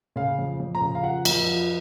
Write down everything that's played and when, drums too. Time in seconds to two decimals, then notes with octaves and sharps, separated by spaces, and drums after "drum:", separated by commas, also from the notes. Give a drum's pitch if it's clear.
0.16 C#3 F5
0.39 F2
0.60 F2
0.75 A#5
0.81 C#3
0.95 F5
1.03 F3 F#5
1.25 F2, drum: cymbal
1.46 F3